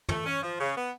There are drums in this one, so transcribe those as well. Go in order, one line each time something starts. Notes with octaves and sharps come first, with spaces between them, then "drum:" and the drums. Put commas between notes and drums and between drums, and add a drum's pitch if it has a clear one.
A3, drum: tom
C#4
F3
C#3
B3